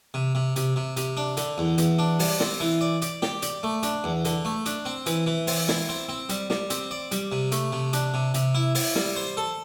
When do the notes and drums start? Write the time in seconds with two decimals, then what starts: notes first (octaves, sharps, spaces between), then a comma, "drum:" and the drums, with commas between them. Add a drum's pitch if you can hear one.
0.14 C3
0.35 C3
0.56 C3, drum: hi-hat
0.76 C3
0.97 C3, drum: hi-hat
1.17 D4
1.37 D3, drum: hi-hat
1.58 E2
1.78 E2, drum: hi-hat
1.99 D4
2.20 G3, drum: open hi-hat
2.40 C4, drum: snare
2.60 E3
2.81 D5
3.02 D5, drum: hi-hat
3.22 G4, drum: snare
3.42 D5, drum: hi-hat
3.63 A3
3.83 D4, drum: hi-hat
4.04 E2
4.25 D3, drum: hi-hat
4.45 A3
4.66 D4, drum: hi-hat
4.85 C4
5.06 E3, drum: hi-hat
5.27 E3
5.47 C4, drum: open hi-hat
5.68 E4, drum: snare
5.89 C4
6.09 C4
6.29 G3, drum: hi-hat
6.50 G3, drum: snare
6.70 C4, drum: hi-hat
6.91 D5
7.12 G3, drum: hi-hat
7.32 C3
7.52 A3, drum: hi-hat
7.72 C3
7.93 D4, drum: hi-hat
8.14 C3
8.34 C3, drum: hi-hat
8.55 E4
8.75 E4, drum: open hi-hat
8.96 G3, drum: snare
9.16 C5
9.37 A4